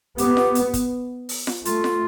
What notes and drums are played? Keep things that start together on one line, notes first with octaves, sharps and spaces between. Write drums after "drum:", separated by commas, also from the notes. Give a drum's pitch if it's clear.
B3 G4, drum: hi-hat
drum: snare F4
drum: hi-hat
drum: kick, hi-hat
drum: open hi-hat
drum: snare F4
A3 F4, drum: hi-hat
drum: snare F4